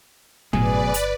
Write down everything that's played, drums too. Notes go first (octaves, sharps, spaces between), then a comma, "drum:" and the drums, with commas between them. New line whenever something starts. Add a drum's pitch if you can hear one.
G1 B2 F#3 A3 G#4 B4 D5, drum: tom
drum: hi-hat